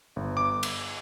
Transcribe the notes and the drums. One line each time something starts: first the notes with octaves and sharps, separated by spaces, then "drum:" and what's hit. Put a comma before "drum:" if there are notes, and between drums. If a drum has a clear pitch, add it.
G1
D6
drum: cymbal